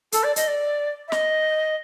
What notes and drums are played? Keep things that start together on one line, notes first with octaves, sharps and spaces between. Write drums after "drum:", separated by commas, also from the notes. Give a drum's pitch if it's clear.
A4, drum: hi-hat
D5
D#5, drum: hi-hat
D5
E5
D#5, drum: snare